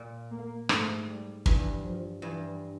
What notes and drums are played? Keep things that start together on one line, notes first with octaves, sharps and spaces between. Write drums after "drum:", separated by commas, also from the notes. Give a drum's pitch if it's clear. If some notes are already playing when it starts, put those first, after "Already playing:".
Already playing: A#2
A#3
G#2 A3, drum: rim click
G3
G2 E3, drum: kick
F3
G2 E3